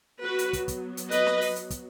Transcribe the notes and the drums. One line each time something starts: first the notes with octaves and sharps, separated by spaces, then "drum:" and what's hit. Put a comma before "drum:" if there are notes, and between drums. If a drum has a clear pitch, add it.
F#3 B3 F#4 B4
drum: hi-hat
drum: kick, hi-hat
drum: kick, hi-hat
drum: hi-hat
B4 D#5, drum: hi-hat
drum: snare
drum: open hi-hat
drum: hi-hat
drum: kick, hi-hat